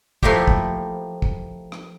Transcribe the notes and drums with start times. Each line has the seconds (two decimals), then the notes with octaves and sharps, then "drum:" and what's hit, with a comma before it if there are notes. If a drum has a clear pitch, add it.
0.23 F3 A3 A#3 E4 G4, drum: kick
0.48 drum: kick
1.22 drum: kick
1.72 drum: rim click